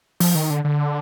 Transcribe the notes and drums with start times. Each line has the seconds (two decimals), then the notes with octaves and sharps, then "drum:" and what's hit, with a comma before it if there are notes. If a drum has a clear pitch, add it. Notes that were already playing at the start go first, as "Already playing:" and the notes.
0.20 F3, drum: open hi-hat
0.35 D#3
0.50 D3
0.64 D3